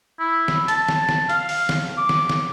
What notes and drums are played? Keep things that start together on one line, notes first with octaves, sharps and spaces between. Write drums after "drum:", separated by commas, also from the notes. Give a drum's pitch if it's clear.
E4
drum: snare
A5, drum: hi-hat
drum: snare
drum: snare
F5, drum: hi-hat
drum: open hi-hat
drum: snare
D6
drum: snare
drum: snare